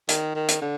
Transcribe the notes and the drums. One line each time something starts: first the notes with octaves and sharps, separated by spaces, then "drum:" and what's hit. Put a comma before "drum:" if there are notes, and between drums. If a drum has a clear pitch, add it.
D#3, drum: hi-hat
D#3
drum: hi-hat
D3